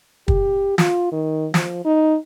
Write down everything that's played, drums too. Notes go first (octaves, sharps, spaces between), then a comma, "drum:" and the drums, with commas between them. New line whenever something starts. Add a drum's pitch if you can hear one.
G4, drum: kick
F4, drum: snare
D#3
F3, drum: snare
D#4